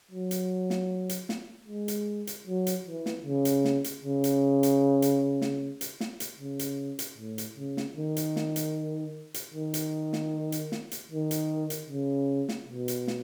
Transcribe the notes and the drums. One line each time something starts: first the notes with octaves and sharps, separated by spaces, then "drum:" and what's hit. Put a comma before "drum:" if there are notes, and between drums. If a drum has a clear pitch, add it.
F#3
drum: hi-hat
drum: snare
drum: hi-hat
drum: snare
G#3
drum: hi-hat
drum: hi-hat
F#3
drum: hi-hat
E3
drum: snare
C#3
drum: hi-hat
drum: snare
drum: hi-hat
C#3
drum: hi-hat
drum: hi-hat
drum: hi-hat
drum: snare
drum: hi-hat
drum: snare
drum: hi-hat
C#3
drum: hi-hat
drum: hi-hat
A2
drum: hi-hat
C#3
drum: snare
D#3
drum: hi-hat
drum: snare
drum: hi-hat
drum: hi-hat
D#3
drum: hi-hat
drum: snare
drum: hi-hat
drum: snare
drum: hi-hat
D#3
drum: hi-hat
drum: hi-hat
C#3
drum: snare
B2
drum: hi-hat
drum: snare